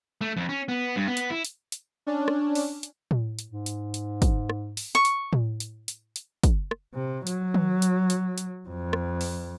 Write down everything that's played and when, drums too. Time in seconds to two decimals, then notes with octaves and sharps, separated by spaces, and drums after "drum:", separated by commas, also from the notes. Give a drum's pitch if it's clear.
0.21 A3
0.37 F2
0.49 C#4
0.68 B3
0.96 G2
1.07 B3
1.17 drum: hi-hat
1.30 E4
1.45 drum: hi-hat
1.72 drum: hi-hat
2.06 C#4 D4
2.28 drum: rim click
2.55 drum: open hi-hat
2.83 drum: hi-hat
3.11 drum: tom A2
3.39 drum: hi-hat
3.50 G#2
3.66 drum: hi-hat
3.94 drum: hi-hat
4.22 drum: kick, hi-hat
4.49 drum: rim click
4.77 drum: open hi-hat
4.95 C#6
5.05 drum: hi-hat
5.33 drum: tom A2
5.60 drum: hi-hat
5.88 drum: hi-hat
6.16 drum: hi-hat
6.44 drum: kick, hi-hat
6.71 drum: rim click
6.94 C3
7.27 F#3, drum: hi-hat
7.54 drum: tom D#3
7.82 drum: hi-hat
8.10 drum: hi-hat
8.38 drum: hi-hat
8.68 F2
8.93 drum: rim click
9.21 drum: open hi-hat